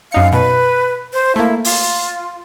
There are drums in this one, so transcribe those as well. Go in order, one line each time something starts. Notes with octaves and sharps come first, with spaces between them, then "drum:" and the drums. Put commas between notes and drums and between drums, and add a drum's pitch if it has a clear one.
F#2 D#4 F5 C#7
B2 B4
C5
A3 A#3 E4
F4, drum: open hi-hat